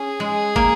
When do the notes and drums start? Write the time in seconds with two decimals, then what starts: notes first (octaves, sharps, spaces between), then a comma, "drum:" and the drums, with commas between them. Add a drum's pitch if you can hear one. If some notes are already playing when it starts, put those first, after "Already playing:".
Already playing: C#4 G#4
0.20 G#3
0.56 A#3, drum: kick